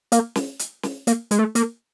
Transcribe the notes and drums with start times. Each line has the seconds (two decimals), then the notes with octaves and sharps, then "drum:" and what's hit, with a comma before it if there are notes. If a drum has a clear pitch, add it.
0.12 A#3, drum: hi-hat
0.36 drum: snare
0.59 drum: hi-hat
0.83 drum: snare
1.07 A#3, drum: hi-hat
1.31 G#3, drum: hi-hat
1.39 A3
1.55 A#3, drum: hi-hat